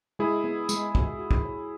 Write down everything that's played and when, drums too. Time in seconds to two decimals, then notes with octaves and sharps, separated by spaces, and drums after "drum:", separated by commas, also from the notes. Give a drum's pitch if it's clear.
0.19 G#3 E4 G#4
0.44 B3
0.69 G#3, drum: tambourine
0.95 F#4, drum: kick
1.19 F#4
1.31 drum: kick
1.45 C#5